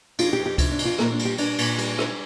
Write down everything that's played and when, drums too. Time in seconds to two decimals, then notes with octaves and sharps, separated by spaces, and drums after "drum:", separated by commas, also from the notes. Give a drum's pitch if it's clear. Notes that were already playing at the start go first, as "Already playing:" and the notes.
0.19 F2 F4, drum: cymbal
0.33 G4
0.39 F2
0.46 G4
0.58 C3, drum: kick C#2, cymbal
0.72 D4
0.79 F2, drum: cymbal
0.85 F4
0.98 A#2 A#3, drum: rim click
1.12 D4
1.19 G3, drum: cymbal
1.25 G4
1.38 A#2 D4, drum: cymbal
1.58 A#2, drum: cymbal
1.78 G3, drum: cymbal
1.99 G3, drum: rim click